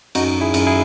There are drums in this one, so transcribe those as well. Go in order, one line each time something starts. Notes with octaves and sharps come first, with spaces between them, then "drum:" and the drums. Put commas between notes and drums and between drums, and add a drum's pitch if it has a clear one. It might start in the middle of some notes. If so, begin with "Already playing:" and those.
F#2 D#4 F#4, drum: cymbal
E4 G#4
F#2, drum: cymbal
E4 G#4